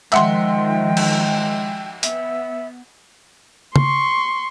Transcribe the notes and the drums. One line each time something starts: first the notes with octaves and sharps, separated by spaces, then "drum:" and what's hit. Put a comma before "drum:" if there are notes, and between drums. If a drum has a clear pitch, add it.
D#3 F3 G#3 E5 F#5 G5 C6, drum: clap
drum: cymbal
B3 E5, drum: hi-hat
C6 C#6, drum: tom C#3